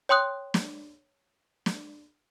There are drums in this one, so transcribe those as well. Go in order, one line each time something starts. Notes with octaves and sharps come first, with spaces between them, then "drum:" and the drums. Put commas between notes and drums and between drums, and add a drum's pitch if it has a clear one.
C#5 G5 C6 D#6 F#6
drum: snare
drum: snare